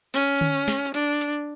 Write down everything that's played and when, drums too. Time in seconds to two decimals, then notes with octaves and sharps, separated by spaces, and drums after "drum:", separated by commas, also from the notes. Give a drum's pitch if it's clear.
0.14 C#4, drum: hi-hat
0.41 drum: tom D3
0.68 drum: snare
0.94 D4, drum: hi-hat
1.21 drum: hi-hat